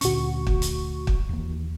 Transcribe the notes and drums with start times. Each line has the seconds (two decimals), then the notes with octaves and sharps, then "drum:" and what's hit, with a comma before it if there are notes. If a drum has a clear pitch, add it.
0.01 D2 A#2 C#4 F#4 C#6, drum: hi-hat
0.47 drum: kick
0.62 drum: hi-hat
1.07 drum: kick
1.29 D#2 E3 A#3